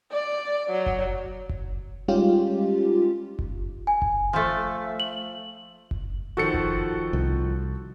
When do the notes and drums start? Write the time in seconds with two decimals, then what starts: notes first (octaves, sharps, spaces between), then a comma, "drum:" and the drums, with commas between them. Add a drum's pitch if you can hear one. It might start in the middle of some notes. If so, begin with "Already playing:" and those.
0.11 D5
0.71 F#3
0.86 drum: kick F#1
1.49 drum: kick F#1
2.08 G3 G#3 C#4 D#4 F4 G4
3.39 drum: kick F#1
3.87 G#5
4.02 drum: kick F#1
4.33 F3 A3
5.00 F#7
5.91 drum: kick F#1
6.37 D#3 F3 F#4 A4 C#7
6.54 drum: kick F#1
7.13 C2